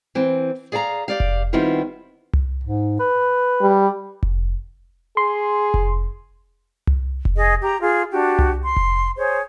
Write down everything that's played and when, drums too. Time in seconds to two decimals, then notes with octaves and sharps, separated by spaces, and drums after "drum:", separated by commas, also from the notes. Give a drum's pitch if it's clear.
0.15 E3 C4
0.72 G#4 D5 F5 G#5 A#5
1.08 G4 D5 F5
1.20 drum: kick F1
1.53 D#3 G3 B3 C4 E4 F4
2.33 drum: tom C2
2.64 G#2
3.00 B4
3.62 G3
4.23 drum: kick F1
5.17 G#4 C6
5.74 drum: kick F1
6.87 drum: tom C2
7.25 drum: kick F1
7.36 G#4 D#5
7.61 G4 A#5
7.81 F4 G#4
8.11 D4 F#4 G4
8.39 drum: tom C2
8.63 C6
8.76 drum: kick F1
9.17 G#4 C5 C#5